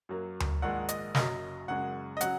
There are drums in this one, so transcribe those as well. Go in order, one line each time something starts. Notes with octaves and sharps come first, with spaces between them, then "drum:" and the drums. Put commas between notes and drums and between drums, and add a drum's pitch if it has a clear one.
F#2 F#3 A#3
drum: tom D2
A#1 G#2 D#3 G#3 F#5
D#5, drum: hi-hat
F#1 F#2 F#3 D#5, drum: snare
F#1 F#2 C#3 G#3 F#5
D#5
C#3 F#3 F#5, drum: hi-hat